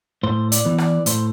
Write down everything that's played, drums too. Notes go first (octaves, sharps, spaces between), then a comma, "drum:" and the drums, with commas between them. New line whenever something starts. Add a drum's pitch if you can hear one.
A2 C5
D5, drum: hi-hat
E3 B3
D5, drum: rim click
A2 C5, drum: hi-hat